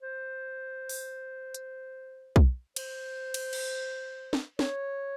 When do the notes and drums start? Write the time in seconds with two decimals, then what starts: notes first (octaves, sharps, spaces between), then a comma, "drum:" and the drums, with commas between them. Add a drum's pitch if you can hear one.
0.02 C5
0.89 drum: open hi-hat
1.54 drum: hi-hat
2.36 drum: kick
2.76 C5, drum: cymbal
3.34 drum: cymbal
3.53 drum: cymbal
4.33 drum: snare
4.59 C#5, drum: snare